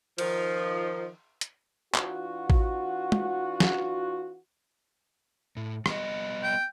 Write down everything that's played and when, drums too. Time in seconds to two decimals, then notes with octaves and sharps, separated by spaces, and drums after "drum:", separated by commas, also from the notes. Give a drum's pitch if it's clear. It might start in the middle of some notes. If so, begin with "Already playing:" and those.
0.18 D#3 F3, drum: cymbal
1.41 drum: hi-hat
1.95 E3 D4 F4 F#4, drum: clap
2.50 drum: kick A1
3.12 drum: tom
3.60 drum: snare
5.57 A2
5.86 G3 B3 D#5, drum: rim click
6.43 G5